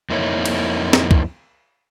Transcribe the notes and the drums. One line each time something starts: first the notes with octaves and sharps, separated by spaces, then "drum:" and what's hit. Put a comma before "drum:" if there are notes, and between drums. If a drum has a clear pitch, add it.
F2 A#3 D#4 E4 C#5
drum: cymbal
drum: snare
drum: kick